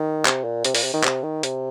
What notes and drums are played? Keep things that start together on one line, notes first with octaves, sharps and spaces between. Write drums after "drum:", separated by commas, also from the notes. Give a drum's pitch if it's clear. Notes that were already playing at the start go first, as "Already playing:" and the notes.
Already playing: D#3
C3, drum: clap
A#2
C3, drum: hi-hat
A#2, drum: open hi-hat
C3
D#3
C3, drum: clap
D#3
C3, drum: hi-hat